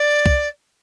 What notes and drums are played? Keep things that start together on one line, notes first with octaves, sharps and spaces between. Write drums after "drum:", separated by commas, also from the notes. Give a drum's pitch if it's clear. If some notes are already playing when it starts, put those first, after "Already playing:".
Already playing: D5
drum: kick